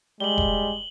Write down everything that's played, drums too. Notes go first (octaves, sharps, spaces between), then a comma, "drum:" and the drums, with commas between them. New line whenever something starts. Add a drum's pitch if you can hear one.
G3 G#3 F#7 G7
drum: kick E1